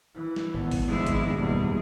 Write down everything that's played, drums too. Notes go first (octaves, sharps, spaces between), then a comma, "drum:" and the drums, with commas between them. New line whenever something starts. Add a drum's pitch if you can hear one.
E3
drum: snare
G#1 A2 B3
drum: kick G1, open hi-hat
G#1 D3 F3 G#3 E4 G#4
drum: kick G1, hi-hat
F#1 E2 B2 G3 G#4